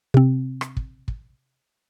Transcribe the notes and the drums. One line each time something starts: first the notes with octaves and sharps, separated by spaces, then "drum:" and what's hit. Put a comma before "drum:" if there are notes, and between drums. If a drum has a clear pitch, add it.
C3 C4
drum: rim click
drum: kick
drum: kick